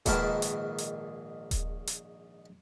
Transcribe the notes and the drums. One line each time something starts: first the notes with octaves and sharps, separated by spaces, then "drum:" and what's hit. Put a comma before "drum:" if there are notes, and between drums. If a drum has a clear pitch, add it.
A#1 G#2 D#3 A#4 B4 A5, drum: kick D#1, hi-hat
drum: hi-hat
drum: hi-hat
drum: kick D#1, hi-hat
drum: hi-hat